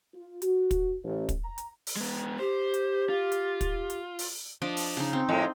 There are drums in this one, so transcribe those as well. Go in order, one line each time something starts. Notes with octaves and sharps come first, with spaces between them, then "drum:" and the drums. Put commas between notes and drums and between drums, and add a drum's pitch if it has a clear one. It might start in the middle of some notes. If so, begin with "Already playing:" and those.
F4
F#4, drum: hi-hat
drum: kick, hi-hat
A1
drum: kick, hi-hat
A#5
drum: hi-hat
drum: open hi-hat
G#3 B3
G4 C5
drum: hi-hat
F4
drum: hi-hat
drum: kick, hi-hat
drum: hi-hat
drum: open hi-hat
F3 D4 D5 D#5
drum: open hi-hat
C#3 D#4
C4
F2 A2 G#3